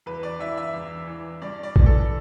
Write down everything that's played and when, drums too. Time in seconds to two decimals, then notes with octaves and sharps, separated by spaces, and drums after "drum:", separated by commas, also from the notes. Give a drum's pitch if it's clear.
0.06 E2 B4
0.23 D5
0.39 E3 E5
0.57 E5
0.73 E2
1.07 E3
1.42 G2 D5
1.63 D5
1.76 E3, drum: kick A1
1.86 A4